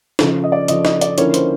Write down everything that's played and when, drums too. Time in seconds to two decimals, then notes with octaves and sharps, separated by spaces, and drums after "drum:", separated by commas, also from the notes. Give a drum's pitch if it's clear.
0.19 C#3 F3 A3 A4, drum: snare
0.44 D#5
0.52 D5
0.68 C#3 F3 A3 D#5, drum: hi-hat
0.85 D#5, drum: snare
1.01 D5, drum: hi-hat
1.18 D3 F3 A#3 C#4 E4 C#5, drum: hi-hat
1.34 C5, drum: hi-hat